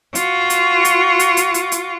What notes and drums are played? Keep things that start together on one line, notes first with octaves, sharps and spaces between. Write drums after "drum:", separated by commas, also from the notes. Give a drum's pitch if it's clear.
F4 F#4, drum: hi-hat
drum: hi-hat
drum: hi-hat
drum: hi-hat
drum: hi-hat
drum: hi-hat
drum: hi-hat